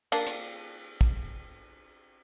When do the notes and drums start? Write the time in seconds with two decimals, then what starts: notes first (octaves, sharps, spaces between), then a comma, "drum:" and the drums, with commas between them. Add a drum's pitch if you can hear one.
0.12 A#3 D4, drum: cymbal
0.27 drum: hi-hat
1.01 drum: kick